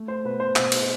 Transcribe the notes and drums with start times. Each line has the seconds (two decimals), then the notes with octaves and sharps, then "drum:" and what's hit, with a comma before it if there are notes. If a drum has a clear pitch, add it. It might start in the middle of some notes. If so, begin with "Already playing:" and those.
Already playing: A3
0.08 C5
0.24 B2 B4
0.40 C5
0.56 B2, drum: clap
0.72 drum: cymbal